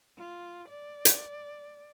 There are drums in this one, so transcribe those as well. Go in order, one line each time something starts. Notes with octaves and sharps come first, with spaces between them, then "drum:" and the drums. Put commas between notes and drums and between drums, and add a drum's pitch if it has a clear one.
F4
D5
drum: hi-hat